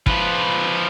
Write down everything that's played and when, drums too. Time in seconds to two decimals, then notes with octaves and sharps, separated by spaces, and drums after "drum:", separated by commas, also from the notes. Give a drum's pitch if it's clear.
0.06 F3 B4, drum: kick